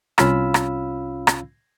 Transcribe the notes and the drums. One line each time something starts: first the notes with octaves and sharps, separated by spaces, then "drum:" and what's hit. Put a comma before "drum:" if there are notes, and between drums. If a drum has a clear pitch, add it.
C2 C#4 F4 F5 B5 E6, drum: rim click
drum: rim click
drum: rim click